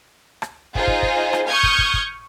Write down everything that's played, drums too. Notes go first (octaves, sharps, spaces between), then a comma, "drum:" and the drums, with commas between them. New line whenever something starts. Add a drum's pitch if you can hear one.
drum: rim click
D#4 F4 G#4 C5, drum: kick
drum: kick
drum: kick
drum: rim click
C#6 D#6 F6 G6 G#6
drum: kick
drum: kick
drum: kick